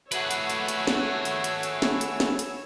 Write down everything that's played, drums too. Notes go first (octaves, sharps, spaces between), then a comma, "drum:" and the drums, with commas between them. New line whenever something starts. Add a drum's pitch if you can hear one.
A3 F#4 G#4 B4 C#5 E6, drum: hi-hat
drum: hi-hat
drum: hi-hat
drum: hi-hat
drum: snare
drum: hi-hat
drum: hi-hat
drum: hi-hat
drum: snare
drum: hi-hat
drum: snare
drum: hi-hat